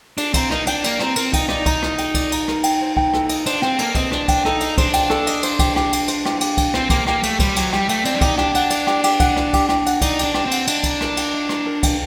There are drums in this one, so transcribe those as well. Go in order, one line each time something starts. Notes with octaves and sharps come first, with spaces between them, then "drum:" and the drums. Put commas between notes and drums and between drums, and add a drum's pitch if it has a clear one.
D4 D5, drum: cymbal
C4 A#5, drum: kick, cymbal
D#4 A#4, drum: rim click
D4 G5, drum: cymbal
A#3 D5, drum: cymbal
C4 A#5, drum: rim click
C4 A#4, drum: cymbal
D#4 G5, drum: kick, cymbal
D#4 D5, drum: rim click
A#5, drum: kick, cymbal
A#4, drum: rim click
G5, drum: cymbal
D5, drum: kick, cymbal
A#5, drum: cymbal
A#4, drum: rim click
G5, drum: cymbal
C5
G5, drum: kick
A4, drum: rim click
D#5, drum: cymbal
D4 C5, drum: cymbal
C4 G5, drum: rim click
A#3 A4, drum: cymbal
C4 D#5, drum: kick, cymbal
D4 C5, drum: rim click
G5, drum: kick, cymbal
D#4 A4, drum: rim click
D#5, drum: cymbal
D4 C5, drum: kick, cymbal
G5, drum: cymbal
A4, drum: rim click
D#5, drum: cymbal
C5, drum: cymbal
G4, drum: kick, cymbal
G4, drum: rim click
G5, drum: cymbal
C5, drum: cymbal
G4, drum: rim click
G4, drum: cymbal
G5, drum: kick, cymbal
C4 C5, drum: rim click
A#3 G4, drum: kick, cymbal
A#3 G4, drum: rim click
A3 G5, drum: cymbal
G3 C5, drum: kick, cymbal
F#3 G4, drum: cymbal
G3 G4, drum: rim click
A3 G5, drum: cymbal
C4 D5, drum: cymbal
D4
D#4 G4, drum: kick, cymbal
D4 G4, drum: rim click
D4 F#5, drum: cymbal
D5, drum: cymbal
G4, drum: rim click
G4, drum: cymbal
F#5, drum: kick, cymbal
D5, drum: rim click
G4, drum: kick, cymbal
G4, drum: rim click
F#5, drum: cymbal
D#4 D5, drum: kick, cymbal
D4 G4, drum: cymbal
G4, drum: rim click
C4
F#5, drum: cymbal
D4 D#5, drum: cymbal
A#5, drum: kick, cymbal
A#4, drum: rim click
G5, drum: cymbal
D#5
A#5, drum: rim click
A#4
G5, drum: kick, cymbal